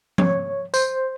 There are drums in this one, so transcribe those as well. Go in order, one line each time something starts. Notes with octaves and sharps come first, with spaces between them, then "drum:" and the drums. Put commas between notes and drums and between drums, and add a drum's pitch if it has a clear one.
C#5, drum: tom F3
C5, drum: tambourine